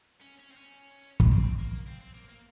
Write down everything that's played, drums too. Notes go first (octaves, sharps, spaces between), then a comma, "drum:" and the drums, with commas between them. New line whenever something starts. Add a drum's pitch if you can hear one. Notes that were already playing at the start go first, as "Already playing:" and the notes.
C#4
C#4
C4
C#4
drum: kick
C4
A#3
C4
C4
A#3
A#3